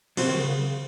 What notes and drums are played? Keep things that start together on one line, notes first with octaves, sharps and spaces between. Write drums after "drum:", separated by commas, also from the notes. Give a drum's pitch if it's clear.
C3 F#3 C4 F#4 C5, drum: cymbal
D#3
C#3